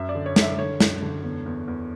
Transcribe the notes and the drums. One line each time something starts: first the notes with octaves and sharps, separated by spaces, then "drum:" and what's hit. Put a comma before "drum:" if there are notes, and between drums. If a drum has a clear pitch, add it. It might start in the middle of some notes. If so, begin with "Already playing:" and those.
Already playing: F#2 E5
D5
D3
C#5
D3, drum: snare
E5
D3 C#5
F#2, drum: snare
D3
E2
E2
E2